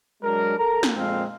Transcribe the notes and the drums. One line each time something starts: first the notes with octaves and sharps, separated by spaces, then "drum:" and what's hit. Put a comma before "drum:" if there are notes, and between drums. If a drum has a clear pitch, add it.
F#3 G#3 D4 A#4
A4 A#4 A#5
drum: snare
F2 A#2 G#3 C4 F5